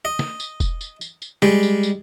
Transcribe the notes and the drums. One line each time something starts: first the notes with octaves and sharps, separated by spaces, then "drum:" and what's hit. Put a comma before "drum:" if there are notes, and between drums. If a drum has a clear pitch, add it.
D#5
drum: snare
drum: tambourine
drum: kick E1, tambourine
drum: tambourine
drum: tambourine
drum: tambourine
G3 G#3, drum: snare
drum: tambourine
drum: tambourine